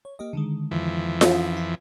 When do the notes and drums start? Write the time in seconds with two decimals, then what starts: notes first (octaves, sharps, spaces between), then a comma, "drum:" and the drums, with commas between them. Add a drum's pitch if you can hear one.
0.05 C#5
0.19 A#3 G4 D#5
0.33 D3 D#3 G#3
0.71 F2 E3
1.21 drum: snare F4
1.31 C#4 D#6
1.57 F4